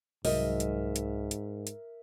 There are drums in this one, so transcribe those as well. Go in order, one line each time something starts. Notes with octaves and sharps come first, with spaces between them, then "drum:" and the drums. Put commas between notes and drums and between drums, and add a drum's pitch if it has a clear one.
C2 G#2 F#3 A#4 D#5 E5, drum: open hi-hat
drum: hi-hat
drum: hi-hat
drum: hi-hat
drum: hi-hat